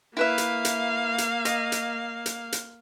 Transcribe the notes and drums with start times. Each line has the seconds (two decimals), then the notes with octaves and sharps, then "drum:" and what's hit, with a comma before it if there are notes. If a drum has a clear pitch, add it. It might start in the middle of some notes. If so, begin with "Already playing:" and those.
0.17 A#3 E4 B4 E5 F5
0.38 drum: hi-hat
0.65 drum: hi-hat
1.18 drum: hi-hat
1.45 D#5, drum: hi-hat
1.72 drum: hi-hat
2.26 drum: hi-hat
2.52 drum: hi-hat